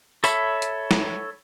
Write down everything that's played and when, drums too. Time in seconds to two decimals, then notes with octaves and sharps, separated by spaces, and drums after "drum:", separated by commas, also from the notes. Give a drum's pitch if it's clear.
0.24 A4 C#5 E5 B5, drum: tambourine
0.62 drum: hi-hat
0.91 drum: snare